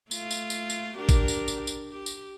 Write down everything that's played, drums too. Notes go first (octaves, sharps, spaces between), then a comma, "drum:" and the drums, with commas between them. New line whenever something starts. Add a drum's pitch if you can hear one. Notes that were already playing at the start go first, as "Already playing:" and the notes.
A3 F4, drum: tambourine
drum: tambourine
drum: tambourine
drum: tambourine
D4 G4 A#4
drum: kick G#1, tambourine
drum: tambourine
drum: tambourine
drum: tambourine
G4
drum: tambourine